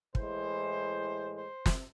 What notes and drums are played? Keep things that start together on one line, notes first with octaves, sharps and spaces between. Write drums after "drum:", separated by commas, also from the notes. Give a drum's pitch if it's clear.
A2 E3 G#3 C5, drum: kick
C5
drum: snare